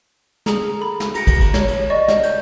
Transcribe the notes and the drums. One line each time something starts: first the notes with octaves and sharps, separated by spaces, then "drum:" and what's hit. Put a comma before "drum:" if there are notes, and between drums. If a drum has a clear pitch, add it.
G#4 A#5, drum: snare
A4 B5
drum: snare
A#5 A#6 C#7 D7, drum: cymbal
drum: kick, cymbal
drum: cymbal
C#5, drum: snare
drum: cymbal
D5 D#5 C#6
drum: snare
D5 G6, drum: cymbal